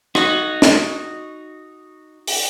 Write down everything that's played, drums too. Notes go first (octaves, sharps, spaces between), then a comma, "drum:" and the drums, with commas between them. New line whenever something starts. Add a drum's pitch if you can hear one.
D#4 F#4, drum: rim click
drum: snare
drum: open hi-hat